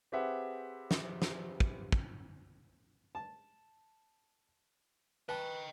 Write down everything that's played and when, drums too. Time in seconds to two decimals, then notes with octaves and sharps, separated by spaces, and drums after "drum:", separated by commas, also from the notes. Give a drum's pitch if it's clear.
0.12 C4 G4 G#4 B4 E5 F#5
0.91 drum: snare
1.22 drum: snare
1.60 drum: kick
1.92 drum: kick
3.15 A5
5.29 B4 D#5 G5 A5